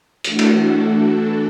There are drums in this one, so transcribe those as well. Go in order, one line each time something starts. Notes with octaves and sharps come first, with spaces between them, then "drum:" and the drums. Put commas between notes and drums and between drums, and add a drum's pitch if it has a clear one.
E3 A3 D4 F#4 A4, drum: hi-hat
drum: cymbal